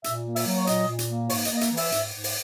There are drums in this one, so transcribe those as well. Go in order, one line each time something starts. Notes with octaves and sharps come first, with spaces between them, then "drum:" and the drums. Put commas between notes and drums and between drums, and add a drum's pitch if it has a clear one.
A#2 E5, drum: hi-hat
A#3
E5, drum: open hi-hat
F#3
C#5
A#2 D#5, drum: hi-hat
A#2
drum: hi-hat
A#3
G#2 C#5, drum: open hi-hat
D#5, drum: hi-hat
A#3
D#5
E5, drum: hi-hat
E3
E5, drum: open hi-hat
G#2, drum: hi-hat
G#2
drum: open hi-hat